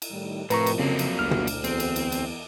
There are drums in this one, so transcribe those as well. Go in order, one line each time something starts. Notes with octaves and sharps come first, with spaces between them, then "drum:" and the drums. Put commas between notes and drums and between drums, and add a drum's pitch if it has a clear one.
drum: cymbal
A2 D#3 G3
A2 C3 F3 A#4 B4 A#5 C#6, drum: cymbal
drum: cymbal
F2 C#3 F#3 A#3
drum: cymbal
G1 D2 F6
drum: tom
drum: cymbal
E2 C4, drum: cymbal
drum: cymbal
drum: cymbal
drum: cymbal